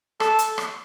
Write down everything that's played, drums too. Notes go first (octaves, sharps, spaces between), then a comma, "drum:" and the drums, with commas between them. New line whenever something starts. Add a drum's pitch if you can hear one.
A4, drum: rim click
drum: hi-hat
drum: rim click